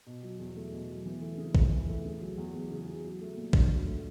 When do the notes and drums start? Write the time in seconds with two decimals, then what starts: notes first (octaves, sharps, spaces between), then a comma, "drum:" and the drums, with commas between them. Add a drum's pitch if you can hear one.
0.06 B2
0.23 F#3
0.39 E2
0.56 A3
0.72 B2
0.89 F#3
1.05 E3
1.21 A3
1.38 C#3
1.55 C#3, drum: kick
1.71 E3
1.88 A3
2.05 C#3
2.21 F#3
2.37 E2
2.54 E2
2.71 C#3
2.88 F#3
3.04 F#3
3.20 A3
3.36 A#2
3.53 D4, drum: kick
3.70 F#3
3.86 A3